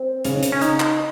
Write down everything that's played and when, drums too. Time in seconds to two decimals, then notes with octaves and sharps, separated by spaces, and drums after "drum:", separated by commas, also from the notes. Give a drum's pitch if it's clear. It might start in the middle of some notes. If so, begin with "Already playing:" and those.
Already playing: C4
0.25 C#3 C#4, drum: hi-hat
0.34 D#4
0.43 C4, drum: hi-hat
0.52 C#4
0.61 D#4, drum: hi-hat
0.80 drum: clap